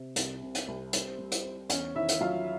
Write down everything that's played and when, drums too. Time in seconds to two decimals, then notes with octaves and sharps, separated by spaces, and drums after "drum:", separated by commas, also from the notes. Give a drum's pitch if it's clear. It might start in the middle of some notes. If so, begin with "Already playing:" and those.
Already playing: C3
0.16 C2, drum: hi-hat
0.42 C3
0.55 drum: hi-hat
0.68 C2
0.93 G3 C4 C5, drum: hi-hat
1.19 G3
1.31 drum: hi-hat
1.44 C4
1.69 E2 C#4 C#5, drum: hi-hat
1.95 D#3 E4 E5
2.08 drum: hi-hat
2.21 F#3 F4 F5